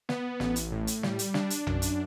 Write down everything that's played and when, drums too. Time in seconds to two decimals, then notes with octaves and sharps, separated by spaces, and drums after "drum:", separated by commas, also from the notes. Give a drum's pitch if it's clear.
0.09 B3, drum: snare
0.40 A1, drum: snare
0.56 drum: hi-hat
0.72 A2
0.87 drum: hi-hat
1.03 G3, drum: snare
1.19 drum: hi-hat
1.34 D4, drum: snare
1.50 drum: hi-hat
1.67 F#2, drum: tom A#1
1.82 drum: hi-hat